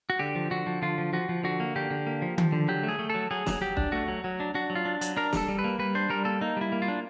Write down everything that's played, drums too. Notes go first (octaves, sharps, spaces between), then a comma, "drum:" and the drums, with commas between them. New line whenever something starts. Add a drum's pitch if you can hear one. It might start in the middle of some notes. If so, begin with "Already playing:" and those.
F#4
D3 G4
F3
D3 F#4
F3
D3 F4
F3
F3 F#4
F3
D3 F#4
A#3
D3 G4
D3
A#3
F3
F3, drum: tom D#3
D3
F#3 G4
A3
G#4
A3
F#3 A4
F#3 G#4
F#3, drum: snare
F#3 G4
D4, drum: kick
A3 F#4
F#3
F#3
D4
D4 F#4
F#3
F4
D4
F#3, drum: hi-hat
D4 A#4
G3 A4, drum: snare
G3
B4
A#3
G3 B4
D4 C5
G3 A#4
A#3 A4
A#3 D#4
G3 E4
A#3
F4
D4